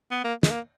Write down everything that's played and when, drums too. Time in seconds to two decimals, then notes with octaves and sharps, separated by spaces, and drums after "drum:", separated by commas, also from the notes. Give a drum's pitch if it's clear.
0.11 B3
0.24 A#3
0.43 G#3, drum: snare
0.50 A#3